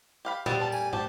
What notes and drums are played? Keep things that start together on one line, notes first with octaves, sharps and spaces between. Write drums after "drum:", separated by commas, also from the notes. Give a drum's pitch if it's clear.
G4 F5 B5
G3 B3 F4 C5, drum: tom A#2
A4 A#4 A5
G#5, drum: tambourine
F#4 G4 C5 A5, drum: tom